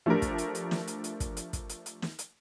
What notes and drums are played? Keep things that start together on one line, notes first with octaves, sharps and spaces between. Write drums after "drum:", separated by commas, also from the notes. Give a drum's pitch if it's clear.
F3 A3 D4 G4 A#4
drum: kick, hi-hat
drum: hi-hat
drum: hi-hat
drum: snare
drum: hi-hat
drum: hi-hat
drum: kick, hi-hat
drum: hi-hat
drum: kick, hi-hat
drum: hi-hat
drum: hi-hat
drum: snare
drum: hi-hat